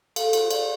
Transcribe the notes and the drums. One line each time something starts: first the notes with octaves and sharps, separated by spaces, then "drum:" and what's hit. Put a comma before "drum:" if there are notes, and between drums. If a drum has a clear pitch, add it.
A4 F5, drum: cymbal
F4, drum: cymbal
D5 F5, drum: cymbal